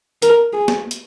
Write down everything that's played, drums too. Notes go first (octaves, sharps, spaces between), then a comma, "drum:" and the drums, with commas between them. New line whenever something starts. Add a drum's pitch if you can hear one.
A#4, drum: hi-hat
G#4
drum: snare
drum: hi-hat